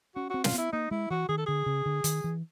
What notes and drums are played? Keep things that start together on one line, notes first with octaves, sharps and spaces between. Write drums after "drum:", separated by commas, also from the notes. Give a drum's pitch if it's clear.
C#4 F#4
C4 F#4
F4, drum: snare
B3 E4
A#3 D#4
G#3 E4
E3 F#4
D#3 G#4
A4
D3 G#4
C#3
D3
D#3, drum: hi-hat
E3